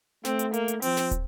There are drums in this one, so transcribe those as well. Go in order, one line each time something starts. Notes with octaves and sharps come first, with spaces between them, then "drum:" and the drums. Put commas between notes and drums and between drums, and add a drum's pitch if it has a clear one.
A3 C4, drum: snare
drum: hi-hat
A#3, drum: hi-hat
drum: hi-hat
F3 C4, drum: open hi-hat
drum: snare
drum: kick, hi-hat